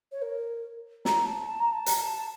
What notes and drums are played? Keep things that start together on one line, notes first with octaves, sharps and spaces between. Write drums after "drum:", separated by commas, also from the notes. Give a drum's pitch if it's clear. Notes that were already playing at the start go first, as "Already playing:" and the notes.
C#5
A#4
A#5, drum: snare
A5
A5
A#5
A5
A#5, drum: hi-hat
A5